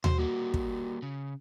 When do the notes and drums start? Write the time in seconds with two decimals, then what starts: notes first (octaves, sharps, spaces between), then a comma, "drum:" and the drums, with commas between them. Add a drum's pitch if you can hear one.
0.04 F#4 C5, drum: tom D#2
0.18 G3 A#3 F#4
0.54 drum: kick
1.02 C#3